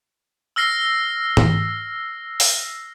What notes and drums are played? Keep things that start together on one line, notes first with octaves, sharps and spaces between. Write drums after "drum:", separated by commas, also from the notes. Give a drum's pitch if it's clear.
E6 F6 A#6 C7
drum: tom G#2
drum: open hi-hat